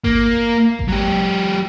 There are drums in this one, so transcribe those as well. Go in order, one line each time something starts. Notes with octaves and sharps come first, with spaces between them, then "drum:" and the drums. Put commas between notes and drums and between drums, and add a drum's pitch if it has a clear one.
A#3, drum: kick G#1
drum: kick G#1
F#3 G4